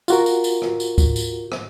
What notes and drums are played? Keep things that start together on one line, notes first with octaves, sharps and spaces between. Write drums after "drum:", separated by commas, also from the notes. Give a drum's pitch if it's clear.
F4 F#4 A#4, drum: tambourine
drum: tambourine
drum: tambourine
drum: rim click
drum: tambourine
drum: kick, tambourine
drum: tambourine
drum: rim click